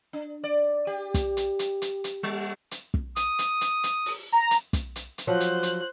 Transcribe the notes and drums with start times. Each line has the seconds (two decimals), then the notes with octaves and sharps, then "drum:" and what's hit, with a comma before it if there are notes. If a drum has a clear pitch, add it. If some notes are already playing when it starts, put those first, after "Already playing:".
0.13 D4
0.44 D5
0.87 G4
1.14 drum: kick, hi-hat
1.37 drum: hi-hat
1.59 drum: hi-hat
1.82 drum: hi-hat
2.04 drum: hi-hat
2.23 G3
2.71 drum: hi-hat
2.94 drum: kick
3.16 D#6, drum: hi-hat
3.39 drum: hi-hat
3.61 drum: hi-hat
3.83 drum: hi-hat
4.06 drum: open hi-hat
4.32 A#5
4.51 drum: hi-hat
4.73 drum: kick, hi-hat
4.96 drum: hi-hat
5.18 drum: hi-hat
5.27 F3 F#3 C5 F#6
5.40 drum: hi-hat
5.63 drum: hi-hat